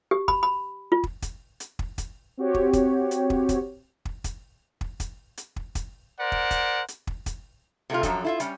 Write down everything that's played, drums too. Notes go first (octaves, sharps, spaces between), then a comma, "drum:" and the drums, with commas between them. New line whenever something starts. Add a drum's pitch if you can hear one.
G4
B5, drum: kick
B5
F4
drum: kick
drum: kick, hi-hat
drum: hi-hat
drum: kick
drum: kick, hi-hat
C4 F#4 G4 C#5
drum: kick
drum: kick, hi-hat
drum: hi-hat
drum: kick
drum: kick, hi-hat
drum: kick
drum: kick, hi-hat
drum: kick
drum: kick, hi-hat
drum: hi-hat
drum: kick
drum: kick, hi-hat
A#4 C5 D5 F#5
drum: kick
drum: kick, hi-hat
drum: hi-hat
drum: kick
drum: kick, hi-hat
C3 A3 E4 F4
F#2 F3 F#3 D4 A4, drum: kick, hi-hat
E4 F4 E5
G3 C#4, drum: hi-hat